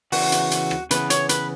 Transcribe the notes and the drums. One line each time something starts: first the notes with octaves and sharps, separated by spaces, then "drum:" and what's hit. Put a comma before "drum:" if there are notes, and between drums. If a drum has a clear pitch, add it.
C#3 E3 B3 F#4, drum: open hi-hat
drum: hi-hat
drum: hi-hat
drum: rim click
C#3 E3 B3 B4, drum: hi-hat
C#5, drum: hi-hat
B4, drum: hi-hat